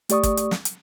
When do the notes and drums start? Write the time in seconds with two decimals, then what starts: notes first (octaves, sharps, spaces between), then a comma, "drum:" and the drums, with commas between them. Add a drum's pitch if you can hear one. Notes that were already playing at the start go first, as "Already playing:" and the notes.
0.09 A3 G4 D5 C#6 D#6, drum: hi-hat
0.23 drum: kick, hi-hat
0.37 drum: hi-hat
0.51 drum: snare
0.65 drum: hi-hat